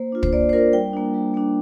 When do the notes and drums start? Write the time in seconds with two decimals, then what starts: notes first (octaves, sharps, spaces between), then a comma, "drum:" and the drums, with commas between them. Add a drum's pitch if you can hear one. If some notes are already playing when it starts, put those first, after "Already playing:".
Already playing: A#3 C5
0.12 D4 F4
0.23 C5, drum: kick
0.33 A#3 D5
0.49 C5
0.53 D4 F4 A#4
0.73 G3 G5
0.93 A#3 D4
1.14 G3
1.34 A#3 D4